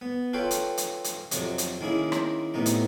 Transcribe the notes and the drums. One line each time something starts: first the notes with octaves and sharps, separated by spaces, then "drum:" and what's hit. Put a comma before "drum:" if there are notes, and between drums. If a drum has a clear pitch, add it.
B3
F4 A4 B4 C#5 F5 G5
drum: hi-hat
drum: hi-hat
drum: hi-hat
F2 C3 F#3, drum: hi-hat
drum: hi-hat
D#3 A#3 C#4 E4 G#4
drum: rim click
A2 C3 B3 D#4 A#5
drum: hi-hat